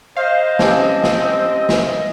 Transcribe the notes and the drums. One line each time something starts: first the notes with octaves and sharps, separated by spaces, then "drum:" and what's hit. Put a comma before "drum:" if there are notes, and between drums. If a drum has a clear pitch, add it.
C5 D#5 F5
C4 C#4 G4 A5, drum: snare
drum: snare
drum: snare